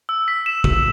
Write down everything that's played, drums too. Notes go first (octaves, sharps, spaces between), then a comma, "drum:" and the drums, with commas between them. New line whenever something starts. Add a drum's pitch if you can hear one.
E6
B6
E7
E6, drum: kick